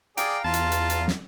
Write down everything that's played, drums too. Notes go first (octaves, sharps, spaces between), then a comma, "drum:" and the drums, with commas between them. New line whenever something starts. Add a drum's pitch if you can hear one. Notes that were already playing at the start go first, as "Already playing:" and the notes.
G#4 D5 F5 G5 A#5, drum: hi-hat
E2 F4 A5
drum: hi-hat
drum: hi-hat
drum: hi-hat
drum: snare